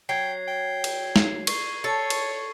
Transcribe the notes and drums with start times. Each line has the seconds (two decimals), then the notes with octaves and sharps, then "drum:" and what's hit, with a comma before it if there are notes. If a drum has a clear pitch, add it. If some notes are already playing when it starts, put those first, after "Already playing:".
0.09 F#3 G5 G#6 C7
0.48 G5
0.84 drum: cymbal
1.16 drum: snare
1.47 C#6 C7, drum: cymbal
1.84 A4 C#5
2.10 drum: cymbal